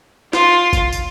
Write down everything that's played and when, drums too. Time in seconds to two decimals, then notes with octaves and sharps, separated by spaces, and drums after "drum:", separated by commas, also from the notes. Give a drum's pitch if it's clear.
0.33 F4, drum: snare
0.73 drum: kick, tambourine
0.93 drum: tambourine